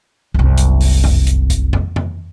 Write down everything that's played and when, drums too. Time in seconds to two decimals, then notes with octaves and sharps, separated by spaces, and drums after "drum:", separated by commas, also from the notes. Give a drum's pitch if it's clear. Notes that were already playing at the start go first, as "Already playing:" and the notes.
0.34 F#1 C2, drum: kick
0.58 drum: hi-hat
0.81 drum: open hi-hat
1.04 drum: tom
1.27 drum: hi-hat
1.50 drum: kick, hi-hat
1.73 drum: tom
1.96 drum: tom